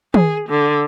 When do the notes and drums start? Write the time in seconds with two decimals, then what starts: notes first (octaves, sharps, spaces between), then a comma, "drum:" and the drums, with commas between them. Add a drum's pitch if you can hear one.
0.14 G#4, drum: tom
0.49 D3